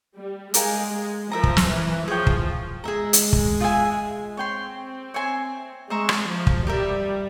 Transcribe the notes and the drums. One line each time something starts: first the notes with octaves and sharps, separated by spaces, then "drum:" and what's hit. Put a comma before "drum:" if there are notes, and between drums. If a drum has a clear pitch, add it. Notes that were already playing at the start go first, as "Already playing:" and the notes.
G3
G#3 G4 A#4 F5 G#5, drum: hi-hat
G#3
F3 A#4 E5 A#5
drum: kick
drum: snare
E3
F3 G#4 C#5 G5
drum: kick
G#3 G#4 E5 A#5
drum: hi-hat
drum: kick
F4 G#4 E5 G#5
C4 C#5 G5 C6
C#5 E5 G#5 C6
G#3 C5 E5 A#5 C#6
drum: rim click
F3
drum: kick
G3 G4 A#4 E5